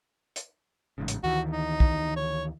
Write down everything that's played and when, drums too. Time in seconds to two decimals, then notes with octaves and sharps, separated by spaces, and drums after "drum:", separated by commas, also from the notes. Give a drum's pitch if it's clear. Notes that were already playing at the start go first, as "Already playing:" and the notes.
0.36 drum: hi-hat
0.98 A1 G#2 C#3
1.08 drum: hi-hat
1.23 D2 D#3 E3 F#4
1.51 D#4
1.80 drum: kick
2.16 C#5